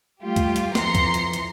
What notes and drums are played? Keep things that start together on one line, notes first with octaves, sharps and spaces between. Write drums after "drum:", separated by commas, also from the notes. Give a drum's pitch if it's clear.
G3 A3 F4 G4
drum: kick D2, hi-hat
drum: hi-hat
F2 E3 A#5 C6 C7 C#7, drum: snare
drum: kick D2, hi-hat
drum: hi-hat
drum: hi-hat